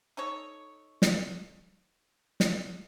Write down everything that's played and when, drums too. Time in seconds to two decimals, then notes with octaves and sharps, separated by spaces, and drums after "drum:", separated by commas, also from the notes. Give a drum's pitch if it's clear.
0.17 D#4 A4 C#5
1.02 drum: snare
2.40 drum: snare